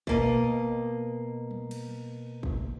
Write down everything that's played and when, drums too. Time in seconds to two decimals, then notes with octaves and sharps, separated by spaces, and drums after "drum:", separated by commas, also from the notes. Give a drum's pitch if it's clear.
0.07 B2 A#3 D#5, drum: kick
1.51 drum: tom F#3
1.71 drum: cymbal
2.43 drum: kick